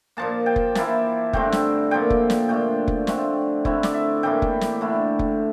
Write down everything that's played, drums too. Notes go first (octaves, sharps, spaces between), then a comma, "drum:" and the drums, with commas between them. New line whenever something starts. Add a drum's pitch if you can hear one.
A#2 F3 A#3 A5
G5
drum: kick F1
E3 A#3 E4 A5, drum: snare
G2 D3 A3 C4 G5, drum: kick F1
drum: snare
A#2 F3 A#3 G5
drum: kick F1
drum: snare
A#2 A3 D4 G5
drum: kick F1
D3 A3 C4, drum: snare
D3 A3 C4 E4, drum: kick F1
D5, drum: snare
E5
A2 E3 A#3 E4 G5
drum: kick F1
drum: snare
D3 A3 E4
drum: kick F1